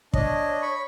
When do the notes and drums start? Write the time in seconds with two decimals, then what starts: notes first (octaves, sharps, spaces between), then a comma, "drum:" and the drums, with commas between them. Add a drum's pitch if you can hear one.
0.14 D4 C#5 D#5, drum: kick
0.62 B5 C#6